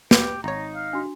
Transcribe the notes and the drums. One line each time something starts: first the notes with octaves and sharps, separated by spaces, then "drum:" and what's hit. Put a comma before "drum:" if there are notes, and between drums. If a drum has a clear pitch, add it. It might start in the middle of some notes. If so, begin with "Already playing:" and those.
G4 B4, drum: snare
G#1 D#4 C#5 A#5
F5
D4 F#4